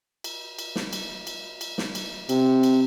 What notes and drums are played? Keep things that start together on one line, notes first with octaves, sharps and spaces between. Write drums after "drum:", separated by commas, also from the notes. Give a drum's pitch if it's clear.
drum: cymbal
drum: cymbal
drum: snare
drum: cymbal
drum: cymbal
drum: cymbal
drum: snare
drum: cymbal
C3, drum: cymbal
drum: cymbal